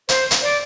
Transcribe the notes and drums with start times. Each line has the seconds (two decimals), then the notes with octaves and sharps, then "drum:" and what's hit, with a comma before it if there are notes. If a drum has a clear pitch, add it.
0.09 C5, drum: hi-hat
0.31 drum: hi-hat
0.42 D5